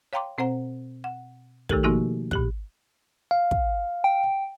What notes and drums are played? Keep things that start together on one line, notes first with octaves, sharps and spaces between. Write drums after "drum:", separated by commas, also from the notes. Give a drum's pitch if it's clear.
C#5 F5 G5 A#5 C6 D6
B2 C4 C5 F#5 A#5
F#5
D#3 A3 D#4 G4 A4 A#4, drum: kick
B2 F3 A#3 D#4 F#4 G4
A#2 G4 F#6, drum: kick
F5
drum: kick
G5